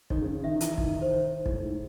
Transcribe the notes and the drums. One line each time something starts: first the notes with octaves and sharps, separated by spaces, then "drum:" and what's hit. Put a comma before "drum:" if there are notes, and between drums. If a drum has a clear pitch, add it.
D#3 C#5, drum: kick
C#3
C#3
D#3 E5
D#3
E3, drum: hi-hat
D#3, drum: kick
C5
C#5
A2, drum: kick
G#2